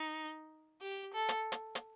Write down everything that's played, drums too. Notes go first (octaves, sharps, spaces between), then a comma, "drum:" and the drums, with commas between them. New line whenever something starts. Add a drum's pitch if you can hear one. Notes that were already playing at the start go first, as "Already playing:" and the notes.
Already playing: D#4
G4
A4
drum: hi-hat
drum: hi-hat
drum: hi-hat